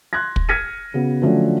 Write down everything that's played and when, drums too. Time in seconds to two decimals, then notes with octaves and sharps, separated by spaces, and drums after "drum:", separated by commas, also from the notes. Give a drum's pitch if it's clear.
0.13 C6 F#6 G#6 A#6
0.36 drum: kick
0.49 F6 G#6 A#6 B6 C#7 D#7
0.94 C#3 B3 F#4
1.22 D3 F3 F#3 A3 C#4 D4